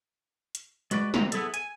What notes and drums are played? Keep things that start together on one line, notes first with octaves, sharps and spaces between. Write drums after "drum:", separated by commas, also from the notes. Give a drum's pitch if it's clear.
drum: hi-hat
G#3 F#4 B4 D5, drum: hi-hat
D2 C3 E3 C4 A#5, drum: snare
B3 E4 G#4 A4, drum: hi-hat
G#5, drum: hi-hat